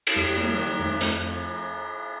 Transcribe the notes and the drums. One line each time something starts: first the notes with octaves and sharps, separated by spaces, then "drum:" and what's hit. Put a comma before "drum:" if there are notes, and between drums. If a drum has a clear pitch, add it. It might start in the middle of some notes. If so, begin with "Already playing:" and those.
drum: cymbal
F2 G3
A#3
G3
D#3
F2 A3
F2, drum: hi-hat